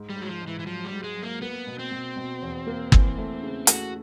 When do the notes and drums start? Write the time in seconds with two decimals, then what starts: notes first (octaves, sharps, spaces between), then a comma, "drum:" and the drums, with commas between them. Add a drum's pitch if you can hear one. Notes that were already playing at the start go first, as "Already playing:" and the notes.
Already playing: G#2
0.10 G3
0.16 G#2
0.21 F#3
0.29 F3
0.41 G#2
0.47 E3
0.59 E3
0.66 F3 F#3
0.85 G3
0.91 G#2
1.04 G#3
1.16 F#3
1.23 A#3
1.42 A#3 B3
1.67 B2
1.79 C4
1.91 B2
2.16 B2
2.42 E2
2.67 A#3
2.92 E3, drum: kick
3.18 A3
3.43 C#3
3.67 A3 F#4, drum: hi-hat